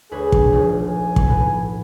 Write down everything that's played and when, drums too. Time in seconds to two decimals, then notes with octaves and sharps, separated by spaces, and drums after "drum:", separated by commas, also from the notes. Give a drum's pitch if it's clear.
0.11 D2 G#4 B4 C#5
0.32 drum: kick
0.53 D#1 F3
0.88 G#5
1.16 drum: kick
1.27 A2 B3